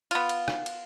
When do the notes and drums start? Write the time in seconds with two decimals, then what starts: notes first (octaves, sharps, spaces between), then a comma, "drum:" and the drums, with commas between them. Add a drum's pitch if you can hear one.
0.11 B3 F4, drum: cymbal
0.29 drum: cymbal
0.48 drum: rim click
0.66 drum: cymbal